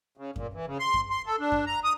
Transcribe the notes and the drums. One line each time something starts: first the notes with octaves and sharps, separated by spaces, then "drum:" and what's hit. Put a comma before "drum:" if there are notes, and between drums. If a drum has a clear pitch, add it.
C#3
A#2, drum: kick F#2
E3
C#3
C6
drum: kick F#2
C6
A4
D4
drum: kick F#2
A#5
D#6